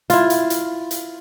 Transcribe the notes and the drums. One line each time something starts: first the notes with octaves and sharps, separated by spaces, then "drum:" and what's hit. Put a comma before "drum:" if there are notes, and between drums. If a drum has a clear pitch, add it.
E4 F4, drum: hi-hat
drum: hi-hat
drum: hi-hat
drum: hi-hat